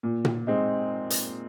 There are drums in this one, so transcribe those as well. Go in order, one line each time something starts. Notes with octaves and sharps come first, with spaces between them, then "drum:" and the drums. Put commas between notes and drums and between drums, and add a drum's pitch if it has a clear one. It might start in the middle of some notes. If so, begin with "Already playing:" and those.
A#2
drum: tom A#2
G#3 C4 D#4
drum: hi-hat